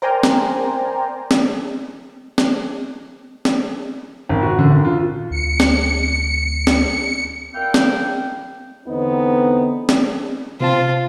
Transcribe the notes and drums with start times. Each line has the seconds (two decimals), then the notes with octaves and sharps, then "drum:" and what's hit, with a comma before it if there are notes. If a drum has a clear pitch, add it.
0.02 A#4 C5 D5 G5 G#5 A#5
0.23 drum: snare
1.31 drum: snare
2.38 drum: snare
3.45 drum: snare
4.29 G#1
4.43 F#4
4.59 D3
4.70 G#1
4.85 F4
5.31 D2 C#7
5.60 drum: snare
6.67 drum: snare
7.55 A#2 D#3 E4 F5 G5
7.74 drum: snare
8.86 E2 D3 B3 C4 D#4
9.89 drum: snare
10.60 C3 C4 F4 A5